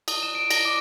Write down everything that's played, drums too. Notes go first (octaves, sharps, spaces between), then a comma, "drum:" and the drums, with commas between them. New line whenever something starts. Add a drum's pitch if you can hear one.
D#6, drum: cymbal
E7
D7
A#6, drum: cymbal
D6